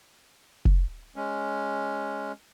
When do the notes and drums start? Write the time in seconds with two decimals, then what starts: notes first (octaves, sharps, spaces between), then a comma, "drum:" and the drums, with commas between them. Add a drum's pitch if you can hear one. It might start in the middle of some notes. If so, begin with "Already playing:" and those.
0.65 drum: kick F1
1.16 G#3 C#4